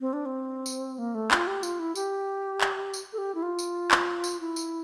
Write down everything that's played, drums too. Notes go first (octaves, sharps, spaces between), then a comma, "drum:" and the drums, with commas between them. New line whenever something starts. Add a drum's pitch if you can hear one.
C4
D4
C4
drum: tambourine
A#3
A3
F4, drum: clap
G4
F4, drum: tambourine
E4
G4, drum: tambourine
drum: clap
drum: tambourine
A4
G4
E4
F4
drum: tambourine
drum: clap
drum: tambourine
E4
drum: tambourine